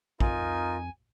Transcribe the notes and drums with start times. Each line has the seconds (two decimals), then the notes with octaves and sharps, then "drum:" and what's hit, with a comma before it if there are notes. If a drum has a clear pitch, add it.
0.20 F2 D#4 F4 A#4 G#5, drum: kick